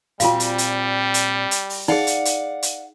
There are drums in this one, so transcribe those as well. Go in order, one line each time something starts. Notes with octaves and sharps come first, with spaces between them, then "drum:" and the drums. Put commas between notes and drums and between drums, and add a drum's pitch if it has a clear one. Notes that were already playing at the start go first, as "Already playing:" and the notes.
A#2 G3 C4 F4 F#4 F5, drum: hi-hat
drum: hi-hat
drum: hi-hat
drum: hi-hat
drum: hi-hat
drum: open hi-hat
D#4 G#4 D5 F5 F#5
drum: hi-hat
drum: hi-hat
drum: hi-hat